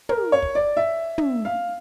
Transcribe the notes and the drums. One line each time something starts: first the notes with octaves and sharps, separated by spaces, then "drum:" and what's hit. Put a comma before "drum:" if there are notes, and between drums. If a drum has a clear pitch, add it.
A#4, drum: tom
C#5
drum: kick
D5
E5
drum: tom
F5